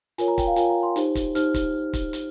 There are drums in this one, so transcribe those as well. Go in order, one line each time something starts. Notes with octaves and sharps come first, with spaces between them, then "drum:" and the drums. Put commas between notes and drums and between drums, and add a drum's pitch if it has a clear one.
F4 A#4 C#5 G#5, drum: hi-hat
A#5
G5, drum: kick, hi-hat
F5
F4 A#4 C#5 G#5, drum: hi-hat
A#5
C6
D#4 G4 C5, drum: hi-hat
drum: kick, hi-hat
D#4 G4 C5 F6, drum: hi-hat
drum: kick, hi-hat
drum: kick, hi-hat
drum: hi-hat